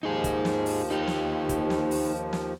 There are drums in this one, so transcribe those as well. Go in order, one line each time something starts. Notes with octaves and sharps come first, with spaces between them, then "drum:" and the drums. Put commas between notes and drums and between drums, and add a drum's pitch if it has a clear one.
D#2 F3 D#4 G#4
drum: kick, hi-hat
drum: snare
drum: open hi-hat
D#4 G4
drum: snare
drum: kick, hi-hat
drum: snare
drum: open hi-hat
drum: snare